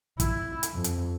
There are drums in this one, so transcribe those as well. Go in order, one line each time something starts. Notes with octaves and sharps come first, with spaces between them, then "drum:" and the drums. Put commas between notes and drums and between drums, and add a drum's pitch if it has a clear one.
E4, drum: kick, hi-hat
drum: hi-hat
F2
drum: hi-hat